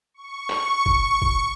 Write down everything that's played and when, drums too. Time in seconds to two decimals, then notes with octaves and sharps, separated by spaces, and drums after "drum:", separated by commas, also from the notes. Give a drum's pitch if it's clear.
0.14 C#6
0.50 drum: clap
0.86 drum: kick
1.22 drum: kick